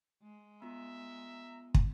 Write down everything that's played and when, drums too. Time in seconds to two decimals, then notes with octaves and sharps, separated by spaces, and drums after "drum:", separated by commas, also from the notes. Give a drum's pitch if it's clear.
0.22 G#3
0.62 B3 F4 E5 A#5
1.74 drum: kick